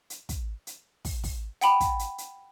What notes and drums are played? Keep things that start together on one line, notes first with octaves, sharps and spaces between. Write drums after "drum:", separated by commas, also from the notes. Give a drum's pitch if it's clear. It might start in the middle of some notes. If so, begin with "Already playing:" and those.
drum: hi-hat
drum: kick, hi-hat
drum: hi-hat
drum: kick, open hi-hat
drum: kick, open hi-hat
F#5 G5 B5, drum: hi-hat
drum: kick, hi-hat
drum: hi-hat
drum: hi-hat